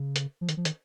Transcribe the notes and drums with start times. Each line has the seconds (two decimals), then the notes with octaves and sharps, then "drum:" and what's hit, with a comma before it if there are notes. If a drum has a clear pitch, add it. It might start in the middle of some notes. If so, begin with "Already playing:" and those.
Already playing: C#3
0.16 drum: hi-hat
0.41 F3
0.49 D#3, drum: hi-hat
0.57 F3
0.65 D#3, drum: hi-hat